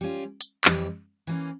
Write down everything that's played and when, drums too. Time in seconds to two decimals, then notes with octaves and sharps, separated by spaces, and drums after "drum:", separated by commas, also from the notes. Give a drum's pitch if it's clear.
0.01 G3 C#4 F4
0.41 drum: hi-hat
0.65 F2 E3 G3, drum: clap
1.27 E3 A#3 C#4